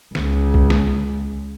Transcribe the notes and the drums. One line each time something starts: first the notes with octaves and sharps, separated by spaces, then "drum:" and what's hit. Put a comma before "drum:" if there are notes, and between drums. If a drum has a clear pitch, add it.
C#2, drum: snare
drum: kick B1
drum: snare